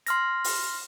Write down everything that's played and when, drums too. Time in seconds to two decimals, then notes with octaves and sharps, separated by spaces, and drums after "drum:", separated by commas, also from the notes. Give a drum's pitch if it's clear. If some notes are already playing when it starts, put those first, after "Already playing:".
0.06 C6 F6 A#6, drum: hi-hat
0.44 drum: open hi-hat